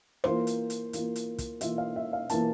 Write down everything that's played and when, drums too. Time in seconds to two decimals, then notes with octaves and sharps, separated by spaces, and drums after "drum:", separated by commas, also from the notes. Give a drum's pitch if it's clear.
0.24 E3 A#3 F4 C5, drum: rim click
0.47 drum: hi-hat
0.70 drum: hi-hat
0.93 E3 A#3 F4, drum: hi-hat
1.16 drum: hi-hat
1.38 drum: kick, hi-hat
1.61 E3 A#3 F4 E5, drum: hi-hat
1.78 F5
1.96 E5
2.13 F5
2.29 E3 A#3 F4 A5, drum: hi-hat